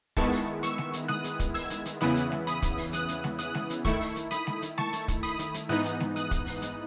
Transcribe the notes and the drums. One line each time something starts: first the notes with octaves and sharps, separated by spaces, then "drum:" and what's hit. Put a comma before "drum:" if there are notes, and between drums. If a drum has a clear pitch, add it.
D#3 G#3 B3 E4 A5 C#6, drum: kick
drum: open hi-hat
C#6 E6, drum: hi-hat
drum: snare G#3
drum: hi-hat
D#6 F#6, drum: snare G#3
drum: hi-hat
drum: kick, hi-hat
E6 G#6, drum: open hi-hat
drum: hi-hat
drum: hi-hat
E2 C#3 E3 B3 E4 D#6 F#6, drum: snare G#3
drum: hi-hat
drum: snare G#3
B5 D#6, drum: hi-hat
drum: kick, hi-hat
drum: open hi-hat
D#6 F#6, drum: hi-hat
drum: hi-hat
drum: snare G#3
D#6 F#6, drum: hi-hat
drum: snare G#3
drum: hi-hat
D#3 A3 E4 C#6 E6, drum: kick, hi-hat
drum: open hi-hat
drum: hi-hat
B5 D#6, drum: hi-hat
drum: snare G#3
drum: hi-hat
A5 C#6, drum: snare G#3
drum: hi-hat
drum: kick, hi-hat
B5 D#6, drum: open hi-hat
drum: hi-hat
drum: hi-hat
G#2 E3 B3 D#4 D#6 F#6, drum: snare G#3
drum: hi-hat
drum: snare G#3
D#6 F#6, drum: hi-hat
drum: kick, hi-hat
drum: open hi-hat
drum: hi-hat